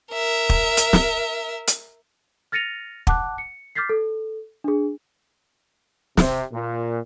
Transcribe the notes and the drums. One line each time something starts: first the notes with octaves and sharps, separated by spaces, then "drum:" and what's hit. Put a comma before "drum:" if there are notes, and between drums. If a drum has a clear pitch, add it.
A#4 E5
drum: kick
drum: hi-hat
drum: snare
drum: hi-hat
F6 A6 A#6 C#7 D#7 F7
F#5 A5 D6 F#6, drum: kick
C#7
D6 F6 G6 A6 B6 C7
A4
D4 G#4
C3, drum: snare
A#2